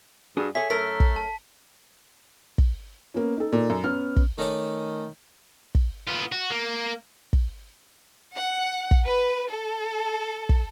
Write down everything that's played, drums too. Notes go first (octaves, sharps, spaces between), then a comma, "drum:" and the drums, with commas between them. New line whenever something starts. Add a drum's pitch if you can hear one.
G2 D4 F#4 G#4
G#4 A4 C#5 E5 B6
F#2 A3 A#4 B6
drum: kick
A5
drum: kick
A#3 B3 C#4
D#4 A4
A#2
F#2
B3 C#4 F6
drum: kick
D#3 A3 C#4 D5
drum: kick
B3 F4
F#4
A#3
drum: kick
F#5
drum: kick
B4
A4
drum: kick